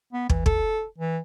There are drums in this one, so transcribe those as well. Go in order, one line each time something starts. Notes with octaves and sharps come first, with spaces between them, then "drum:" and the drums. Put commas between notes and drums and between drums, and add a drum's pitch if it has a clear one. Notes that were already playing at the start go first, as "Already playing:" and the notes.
B3
E3, drum: kick
A4, drum: kick
E3